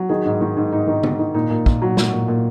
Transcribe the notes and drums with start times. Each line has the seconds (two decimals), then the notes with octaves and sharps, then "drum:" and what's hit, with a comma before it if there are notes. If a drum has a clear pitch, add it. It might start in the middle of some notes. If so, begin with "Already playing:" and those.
Already playing: F#3
0.09 D#3 G#4
0.25 G#2
0.41 D#3
0.57 G#2
0.72 G#2 D#4
0.87 D#3
1.03 G#2, drum: tom
1.19 D#3
1.34 A#2 D#4
1.50 A#2
1.66 A#2, drum: kick
1.82 F#3
1.97 F#3 F#4, drum: snare
2.12 A#2
2.28 A#2